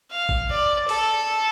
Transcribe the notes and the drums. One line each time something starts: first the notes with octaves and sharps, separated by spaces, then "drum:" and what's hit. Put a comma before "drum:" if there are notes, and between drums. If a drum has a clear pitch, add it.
F5
drum: kick A1
D5
A4, drum: open hi-hat